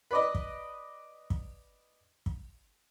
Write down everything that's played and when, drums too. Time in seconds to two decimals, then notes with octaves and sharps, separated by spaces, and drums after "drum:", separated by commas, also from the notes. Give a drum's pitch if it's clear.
0.11 B4 D5 D#5
0.35 drum: kick
1.30 drum: kick
2.26 drum: kick